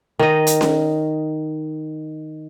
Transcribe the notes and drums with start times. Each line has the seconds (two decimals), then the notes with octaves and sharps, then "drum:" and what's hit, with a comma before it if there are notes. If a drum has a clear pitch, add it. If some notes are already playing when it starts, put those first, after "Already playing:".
0.19 D#3 D#5
0.47 drum: hi-hat
0.61 drum: snare C#4